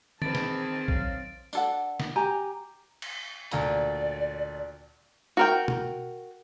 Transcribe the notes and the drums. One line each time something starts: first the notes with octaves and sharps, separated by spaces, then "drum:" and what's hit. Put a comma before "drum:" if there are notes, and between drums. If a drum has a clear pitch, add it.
D#3 E3 C4 G#4 A5 A6 D7, drum: tom D3
drum: snare
F#3 F5, drum: kick
D4 A4 F#5, drum: tambourine
drum: snare
G4 G#5 A#5
drum: cymbal
D2 A#2 D5 A#5, drum: hi-hat
F#4 A#4 G5
drum: tom